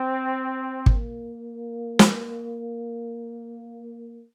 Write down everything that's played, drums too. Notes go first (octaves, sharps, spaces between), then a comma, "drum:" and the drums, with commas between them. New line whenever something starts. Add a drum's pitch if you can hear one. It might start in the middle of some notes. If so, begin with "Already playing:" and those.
Already playing: C4
A#3, drum: kick
drum: snare